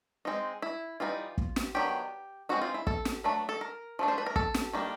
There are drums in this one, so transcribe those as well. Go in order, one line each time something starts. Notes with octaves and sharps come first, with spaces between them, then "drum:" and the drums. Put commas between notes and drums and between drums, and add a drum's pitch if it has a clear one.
G#3 C4 D#4
E4
E3 G3 C4 D#4 F4
drum: kick
drum: snare
D#3 F#3 B3 D4 G4
G#3 C4 D#4 F#4
F4
E4
A4, drum: kick
drum: snare
F#3 A3 D4 B4
A4
A#4
F3 A3 D4
C5
B4
A#4
A4, drum: kick
drum: snare
D#3 G3 A#3 D4